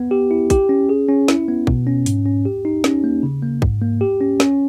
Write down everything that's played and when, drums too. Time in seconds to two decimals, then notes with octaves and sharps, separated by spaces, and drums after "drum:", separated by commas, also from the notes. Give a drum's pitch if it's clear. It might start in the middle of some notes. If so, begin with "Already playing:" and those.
Already playing: B3
0.11 G4
0.31 E4
0.50 G4, drum: kick, hi-hat
0.69 C#4
0.89 G#4
1.09 C#4
1.28 E4, drum: snare
1.48 B3
1.67 B2, drum: kick
1.87 C#4
2.06 G#2, drum: hi-hat
2.26 C#4
2.45 G4
2.65 D#4
2.84 C#4, drum: snare
3.04 A#3
3.23 C#3
3.43 A#3
3.62 G#2, drum: kick
3.81 A#3
4.01 G4
4.21 C#4
4.40 C#4, drum: snare